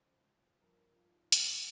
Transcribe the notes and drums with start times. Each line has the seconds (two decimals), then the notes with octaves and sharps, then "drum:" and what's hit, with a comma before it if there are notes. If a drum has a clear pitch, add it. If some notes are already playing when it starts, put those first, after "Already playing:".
Already playing: C#2 C#3 F3 C5
0.62 G2 F3 A#4
0.77 A#4
0.94 F4
1.10 D#4
1.32 C#4, drum: hi-hat